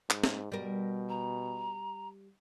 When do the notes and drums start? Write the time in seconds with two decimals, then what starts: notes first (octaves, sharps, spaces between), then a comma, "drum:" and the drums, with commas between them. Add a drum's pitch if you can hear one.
0.10 G#2, drum: clap
0.24 drum: snare
0.52 B2 G3 A#4
1.09 A#5